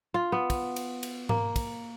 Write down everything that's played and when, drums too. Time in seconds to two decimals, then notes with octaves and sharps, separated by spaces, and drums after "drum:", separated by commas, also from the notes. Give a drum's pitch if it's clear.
0.14 F4
0.32 B3
0.50 drum: kick, cymbal
0.76 drum: cymbal
1.03 drum: cymbal
1.29 A#3, drum: tom G#2
1.56 drum: kick, cymbal